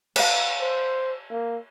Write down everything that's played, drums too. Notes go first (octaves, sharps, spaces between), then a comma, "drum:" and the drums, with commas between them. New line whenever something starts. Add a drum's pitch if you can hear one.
B4 F5, drum: cymbal
C5
A#3